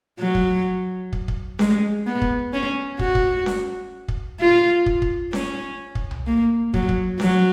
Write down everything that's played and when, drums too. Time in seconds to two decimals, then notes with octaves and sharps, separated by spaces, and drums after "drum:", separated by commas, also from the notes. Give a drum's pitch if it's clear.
0.19 F#3
0.35 drum: kick
1.13 drum: kick
1.28 drum: kick
1.59 G#3, drum: snare C#4
2.07 B3
2.22 drum: kick
2.53 C#4
2.99 F#4, drum: kick
3.15 drum: kick
3.46 drum: snare C#4
4.08 drum: kick
4.40 F4
4.86 drum: kick
5.02 drum: kick
5.33 C#4, drum: snare C#4
5.95 drum: kick
6.11 drum: tom C2
6.27 A#3
6.74 F#3, drum: kick
6.89 drum: kick
7.20 F#3, drum: snare C#4